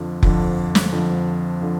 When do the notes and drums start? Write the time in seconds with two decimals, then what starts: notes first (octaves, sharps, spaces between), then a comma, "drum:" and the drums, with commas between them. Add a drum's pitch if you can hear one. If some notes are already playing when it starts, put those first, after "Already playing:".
Already playing: F2 D3 F3
0.23 F2 D3 F3, drum: kick F1
0.75 drum: snare
0.92 F2 D3 F3
1.62 D3 F3